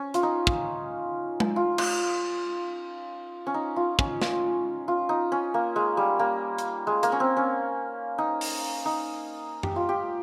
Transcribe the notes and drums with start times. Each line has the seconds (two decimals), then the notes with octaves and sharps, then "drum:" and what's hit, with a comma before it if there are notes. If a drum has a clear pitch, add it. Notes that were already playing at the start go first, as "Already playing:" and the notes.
Already playing: C#4
0.14 F4, drum: hi-hat
0.23 D#4
0.47 drum: kick
1.40 drum: tom G#3
1.56 F4
1.78 F4, drum: cymbal
3.47 C#4
3.54 D#4
3.76 F4
3.99 C#4, drum: kick
4.22 F4, drum: snare
4.88 F4
5.09 D#4
5.32 C#4
5.54 A#3
5.76 G#3
5.97 G3
6.19 A#3
6.58 drum: hi-hat
6.87 G#3
7.03 A#3, drum: hi-hat
7.12 C#4
7.20 C4
7.37 C#4
8.18 D#4
8.41 drum: open hi-hat
8.86 D#4
9.63 G4, drum: tom F#2
9.76 F4
9.89 G4